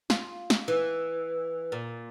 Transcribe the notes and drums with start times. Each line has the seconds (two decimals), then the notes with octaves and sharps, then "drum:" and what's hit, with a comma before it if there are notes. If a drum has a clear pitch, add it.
0.10 F4, drum: snare
0.50 drum: snare
0.68 E3
1.72 A#2